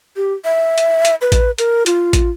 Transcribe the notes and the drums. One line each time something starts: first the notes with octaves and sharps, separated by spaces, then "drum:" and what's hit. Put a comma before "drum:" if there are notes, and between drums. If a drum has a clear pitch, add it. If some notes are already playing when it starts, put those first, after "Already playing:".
G4
E5
drum: hi-hat
drum: hi-hat
B4
drum: kick A1, hi-hat
A#4, drum: hi-hat
F4, drum: hi-hat
drum: kick A1, hi-hat